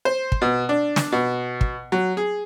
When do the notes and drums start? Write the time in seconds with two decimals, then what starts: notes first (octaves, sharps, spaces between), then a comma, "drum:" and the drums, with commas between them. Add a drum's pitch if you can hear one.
0.05 C5
0.32 drum: kick
0.42 B2
0.69 D4
0.96 drum: snare
1.12 B2
1.61 drum: kick
1.92 F#3
2.17 G#4